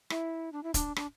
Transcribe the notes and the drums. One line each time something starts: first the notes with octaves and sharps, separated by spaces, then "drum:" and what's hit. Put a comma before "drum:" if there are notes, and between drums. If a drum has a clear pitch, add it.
E4, drum: rim click
D4
E4
D4, drum: kick, hi-hat
D4, drum: rim click